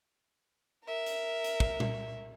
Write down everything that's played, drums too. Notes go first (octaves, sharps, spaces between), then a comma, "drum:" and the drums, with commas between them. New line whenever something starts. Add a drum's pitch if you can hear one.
A#4 E5
drum: hi-hat
drum: hi-hat
drum: kick
drum: tom A#2